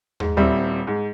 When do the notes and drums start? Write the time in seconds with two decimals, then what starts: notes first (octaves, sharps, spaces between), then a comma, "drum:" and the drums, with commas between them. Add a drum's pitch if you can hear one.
0.20 G#2, drum: tom D#2
0.37 D#1 G3 C4 E4
0.87 G#2